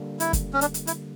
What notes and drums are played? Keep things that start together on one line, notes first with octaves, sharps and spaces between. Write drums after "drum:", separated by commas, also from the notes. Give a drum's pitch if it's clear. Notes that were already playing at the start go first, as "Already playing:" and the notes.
Already playing: D3 G3 A#3
E4, drum: hi-hat
drum: kick, hi-hat
C#4
D4, drum: hi-hat
drum: hi-hat
E4, drum: hi-hat